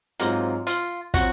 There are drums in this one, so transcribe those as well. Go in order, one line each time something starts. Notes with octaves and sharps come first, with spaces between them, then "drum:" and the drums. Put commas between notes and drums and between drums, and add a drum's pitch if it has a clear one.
G#2 F#3 A#3 C4 F4, drum: hi-hat
F4, drum: hi-hat
F#3 C4 F4 F#4, drum: kick, hi-hat